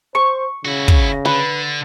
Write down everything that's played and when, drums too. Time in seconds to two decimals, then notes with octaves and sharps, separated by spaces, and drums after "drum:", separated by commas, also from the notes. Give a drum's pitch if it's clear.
0.15 C5 C#6
0.65 C#3 E4 F#4
0.88 drum: kick
1.25 D3 B4